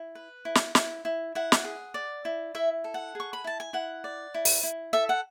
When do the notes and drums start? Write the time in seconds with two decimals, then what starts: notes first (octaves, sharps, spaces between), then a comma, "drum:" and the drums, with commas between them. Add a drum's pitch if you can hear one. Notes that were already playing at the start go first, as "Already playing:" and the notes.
Already playing: E4
0.15 B4
0.45 E4
0.55 drum: snare
0.75 E4, drum: snare
1.05 E4
1.35 E4 F#5
1.52 drum: snare
1.64 G#4
1.94 D5
2.25 E4
2.55 E4 E5
2.84 A4
2.94 F#5
3.15 G#4 C#6
3.33 B5
3.44 E4 A5
3.60 G#5
3.73 E4 F#5
4.04 D5
4.34 E4
4.45 drum: open hi-hat
4.63 E4
4.93 A4 E5
5.09 F#5